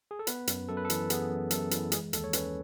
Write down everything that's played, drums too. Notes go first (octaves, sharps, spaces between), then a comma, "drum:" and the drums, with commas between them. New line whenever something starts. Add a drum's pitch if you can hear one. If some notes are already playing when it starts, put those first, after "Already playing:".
G#4
A4
B3 B4, drum: hi-hat
F#2, drum: hi-hat
F#2 A4
B4
A4
E3, drum: hi-hat
B3 G#4, drum: hi-hat
F#2
F#2 A4, drum: hi-hat
E3, drum: hi-hat
G#3 G#4, drum: hi-hat
D#2 A4, drum: hi-hat
C#5
C#4 B4, drum: hi-hat